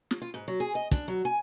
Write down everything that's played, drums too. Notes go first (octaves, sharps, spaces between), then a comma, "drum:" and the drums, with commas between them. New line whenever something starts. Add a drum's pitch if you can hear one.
drum: snare
F4
G#2
F#3
G#4
D#5
D4, drum: kick, hi-hat
F#3
G#5